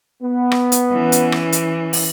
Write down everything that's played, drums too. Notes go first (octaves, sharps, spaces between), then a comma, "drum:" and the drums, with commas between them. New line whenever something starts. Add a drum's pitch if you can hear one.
B3
drum: rim click
drum: hi-hat
E3 C#4
drum: hi-hat
drum: rim click
drum: hi-hat
drum: open hi-hat